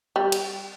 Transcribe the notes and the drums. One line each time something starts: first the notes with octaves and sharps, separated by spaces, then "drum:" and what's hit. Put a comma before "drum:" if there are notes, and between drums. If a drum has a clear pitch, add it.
G3
drum: cymbal